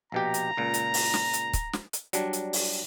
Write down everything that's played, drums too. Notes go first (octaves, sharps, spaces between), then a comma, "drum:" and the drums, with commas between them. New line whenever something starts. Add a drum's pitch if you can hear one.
A#1 B2 G4 A#5
drum: hi-hat
C#2 A#2
drum: hi-hat
drum: open hi-hat
drum: snare
drum: hi-hat
drum: kick, hi-hat
drum: snare
drum: hi-hat
F#3 G3 D4, drum: hi-hat
drum: hi-hat
drum: open hi-hat